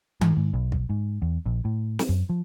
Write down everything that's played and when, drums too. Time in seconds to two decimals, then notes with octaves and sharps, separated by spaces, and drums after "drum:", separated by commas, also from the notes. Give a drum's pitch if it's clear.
0.21 G#2, drum: tom D#3
0.37 G#2
0.54 B1
0.72 drum: kick
0.90 G#2
1.22 E2
1.46 A#1
1.65 A2
1.99 drum: snare
2.09 F#2
2.30 F3